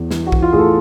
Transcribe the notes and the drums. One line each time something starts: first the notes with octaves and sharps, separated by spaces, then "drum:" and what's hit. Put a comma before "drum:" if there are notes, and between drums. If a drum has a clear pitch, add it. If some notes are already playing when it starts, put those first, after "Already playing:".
Already playing: E2
E3, drum: snare
F#4
E3, drum: kick
F4
A2 G#4
A4